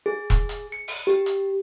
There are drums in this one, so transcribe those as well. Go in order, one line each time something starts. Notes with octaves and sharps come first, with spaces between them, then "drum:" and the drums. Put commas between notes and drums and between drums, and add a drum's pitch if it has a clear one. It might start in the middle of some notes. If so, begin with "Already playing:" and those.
G#4
drum: kick E1, hi-hat
drum: hi-hat
C#7
drum: open hi-hat
G4
drum: hi-hat